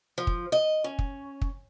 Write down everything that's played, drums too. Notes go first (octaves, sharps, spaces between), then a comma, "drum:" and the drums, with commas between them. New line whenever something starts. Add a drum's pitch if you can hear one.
F3
drum: kick
D#5
C#4
drum: kick
drum: kick